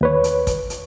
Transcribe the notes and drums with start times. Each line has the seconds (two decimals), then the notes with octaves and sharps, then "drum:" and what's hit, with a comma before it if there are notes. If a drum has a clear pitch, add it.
0.01 D#2 B4 C#5
0.24 drum: hi-hat
0.47 drum: kick, hi-hat
0.70 drum: hi-hat